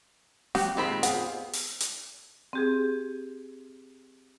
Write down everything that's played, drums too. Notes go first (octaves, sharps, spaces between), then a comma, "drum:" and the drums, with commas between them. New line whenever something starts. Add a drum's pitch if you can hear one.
F#4 G4, drum: snare
A#2 D#3 G#3 C4 F4 B5
B3 F4 G4 G#4, drum: hi-hat
drum: open hi-hat
drum: hi-hat
C4 G4 G#4